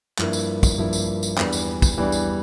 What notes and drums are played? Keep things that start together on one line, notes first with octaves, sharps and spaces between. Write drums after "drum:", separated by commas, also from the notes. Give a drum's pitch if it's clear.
G2 F3 A#3 E4, drum: clap
drum: tambourine
drum: kick, tambourine
G2 F3 A#3 E4
drum: tambourine
drum: tambourine
E2 E3 G3 D4, drum: clap
drum: tambourine
drum: kick, tambourine
E2 E3 G3 D4
drum: tambourine